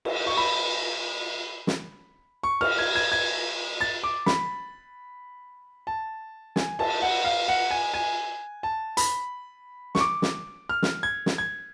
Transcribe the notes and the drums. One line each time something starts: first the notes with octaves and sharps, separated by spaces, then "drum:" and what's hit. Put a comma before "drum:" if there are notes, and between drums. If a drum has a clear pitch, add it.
drum: cymbal
C#6
B5
drum: snare
C#6
F6, drum: cymbal
G#6
G#6
G#6
A6
D6
B5, drum: snare
A5
G#5, drum: snare
A5, drum: cymbal
F#5
F5
F#5
G#5
G#5
A5
B5, drum: hi-hat
C#6, drum: snare
D6
drum: snare
F6
drum: snare
G#6
drum: snare
G#6